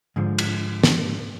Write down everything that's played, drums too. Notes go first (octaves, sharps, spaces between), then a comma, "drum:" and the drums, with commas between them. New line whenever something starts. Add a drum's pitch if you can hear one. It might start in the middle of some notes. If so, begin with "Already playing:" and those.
G#2 D3 F3
drum: cymbal
drum: snare